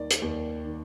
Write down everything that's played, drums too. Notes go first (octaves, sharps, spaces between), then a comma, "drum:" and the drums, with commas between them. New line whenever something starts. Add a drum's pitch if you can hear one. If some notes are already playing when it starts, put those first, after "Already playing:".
Already playing: D#2 D#3 D5
drum: hi-hat
D#2
D#3